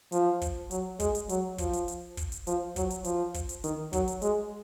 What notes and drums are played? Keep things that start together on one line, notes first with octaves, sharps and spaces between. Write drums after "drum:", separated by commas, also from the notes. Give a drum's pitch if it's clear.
F3, drum: hi-hat
drum: kick, hi-hat
F#3, drum: hi-hat
G#3, drum: kick, hi-hat
drum: hi-hat
F#3, drum: hi-hat
F3, drum: kick, hi-hat
drum: hi-hat
drum: hi-hat
drum: kick, hi-hat
drum: hi-hat
F3, drum: hi-hat
F#3, drum: kick, hi-hat
drum: hi-hat
F3, drum: hi-hat
drum: kick, hi-hat
drum: hi-hat
D#3, drum: hi-hat
F#3, drum: kick, hi-hat
drum: hi-hat
G#3, drum: hi-hat